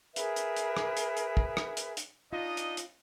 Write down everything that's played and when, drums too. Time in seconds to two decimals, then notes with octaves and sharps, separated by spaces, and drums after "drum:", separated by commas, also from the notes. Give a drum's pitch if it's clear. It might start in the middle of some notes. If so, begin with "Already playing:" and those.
0.16 G#4 A#4 B4 E5, drum: hi-hat
0.36 drum: hi-hat
0.56 drum: hi-hat
0.77 drum: rim click
0.97 drum: hi-hat
1.17 drum: hi-hat
1.37 drum: kick
1.57 drum: rim click
1.77 drum: hi-hat
1.97 drum: hi-hat
2.33 D4 D#4 F4 D#5
2.57 drum: hi-hat
2.77 drum: hi-hat